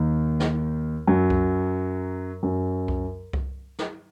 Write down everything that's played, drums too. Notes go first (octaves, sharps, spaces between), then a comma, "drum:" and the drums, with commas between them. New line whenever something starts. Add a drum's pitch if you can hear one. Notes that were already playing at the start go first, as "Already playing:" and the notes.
Already playing: D#2 D#3
drum: snare
F#2 F#3
drum: kick C2
F#2 F#3
drum: kick C2
drum: kick C2
drum: snare